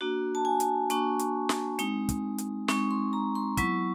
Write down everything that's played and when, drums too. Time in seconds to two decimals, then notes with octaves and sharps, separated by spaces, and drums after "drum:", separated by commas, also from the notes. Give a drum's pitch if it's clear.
0.01 A#3 D4 F#4
0.35 A5
0.45 G#5
0.60 drum: hi-hat
0.90 A#3 D4 F#4 C#6, drum: hi-hat
1.19 drum: hi-hat
1.49 drum: snare
1.79 G#3 C4 D#4, drum: hi-hat
2.09 drum: kick, hi-hat
2.38 drum: hi-hat
2.68 G#3 C4 D#4 C#6, drum: snare
2.91 C6
3.13 A#5
3.35 C6
3.57 F#3 B3 E4 C#6, drum: kick, hi-hat